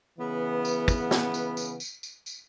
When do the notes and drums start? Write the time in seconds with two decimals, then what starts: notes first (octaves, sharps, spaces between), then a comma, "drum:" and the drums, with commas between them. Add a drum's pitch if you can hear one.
0.19 C#3 E3 B3
0.65 drum: tambourine
0.88 drum: kick, tambourine
1.11 drum: snare
1.34 drum: tambourine
1.57 drum: tambourine
1.80 drum: tambourine
2.03 drum: tambourine
2.26 drum: tambourine